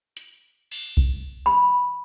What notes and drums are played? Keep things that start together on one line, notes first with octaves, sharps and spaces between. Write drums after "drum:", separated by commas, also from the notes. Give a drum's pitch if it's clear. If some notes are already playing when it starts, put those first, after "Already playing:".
drum: hi-hat
drum: cymbal
drum: kick B1
B5